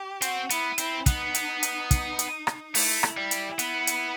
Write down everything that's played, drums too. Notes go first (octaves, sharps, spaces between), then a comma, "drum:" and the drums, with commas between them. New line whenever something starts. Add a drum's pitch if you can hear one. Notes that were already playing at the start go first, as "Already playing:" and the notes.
Already playing: G4
C4 F#4, drum: hi-hat
B3 E4, drum: hi-hat
C4 E4, drum: hi-hat
B3 D#4, drum: kick, hi-hat
drum: hi-hat
drum: hi-hat
drum: kick, hi-hat
drum: hi-hat
drum: rim click
A3 E4, drum: open hi-hat
drum: rim click
G3
drum: hi-hat
B3, drum: hi-hat
drum: hi-hat